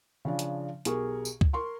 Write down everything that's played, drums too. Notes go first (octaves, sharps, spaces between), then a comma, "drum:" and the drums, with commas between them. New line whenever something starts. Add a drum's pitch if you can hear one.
C#3 F3 D4
drum: hi-hat
B1 G4 G#4 A#4 C#6, drum: hi-hat
drum: tambourine
drum: kick C#2
A#4 C6 C#6